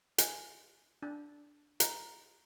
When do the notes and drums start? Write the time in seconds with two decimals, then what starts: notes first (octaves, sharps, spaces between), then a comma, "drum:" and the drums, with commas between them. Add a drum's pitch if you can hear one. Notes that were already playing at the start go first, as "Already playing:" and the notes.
0.18 G#5, drum: hi-hat
1.02 D4
1.80 A#5, drum: hi-hat